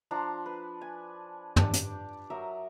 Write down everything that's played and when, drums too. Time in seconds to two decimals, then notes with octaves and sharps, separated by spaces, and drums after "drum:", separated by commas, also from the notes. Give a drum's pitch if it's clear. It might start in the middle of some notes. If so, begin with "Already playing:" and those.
0.11 F3 D4 A#5 C6
0.46 B4
0.81 G#5
1.56 D4 G4 D5, drum: tom
1.73 drum: hi-hat
2.30 F#3 A#4 E5 D#6